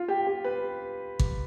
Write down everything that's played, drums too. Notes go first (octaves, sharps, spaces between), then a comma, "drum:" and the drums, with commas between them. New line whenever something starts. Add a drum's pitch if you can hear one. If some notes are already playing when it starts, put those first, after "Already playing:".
Already playing: F4
G4
G4
B4
drum: kick G#1